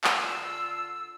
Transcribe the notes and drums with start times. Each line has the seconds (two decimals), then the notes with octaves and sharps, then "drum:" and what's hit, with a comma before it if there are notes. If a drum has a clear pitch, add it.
0.04 D3 F4 E6, drum: clap